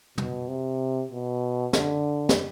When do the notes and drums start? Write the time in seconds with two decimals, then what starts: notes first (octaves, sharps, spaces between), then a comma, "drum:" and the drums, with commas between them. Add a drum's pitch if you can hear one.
0.18 B2, drum: tom
0.48 C3
1.11 B2
1.73 D3, drum: snare
2.29 drum: snare